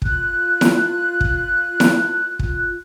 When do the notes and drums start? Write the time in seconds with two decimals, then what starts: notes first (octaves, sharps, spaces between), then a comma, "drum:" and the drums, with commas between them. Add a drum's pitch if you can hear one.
0.02 F4 F#6, drum: kick
0.61 drum: snare E4
1.21 drum: kick
1.80 drum: snare E4
2.39 drum: kick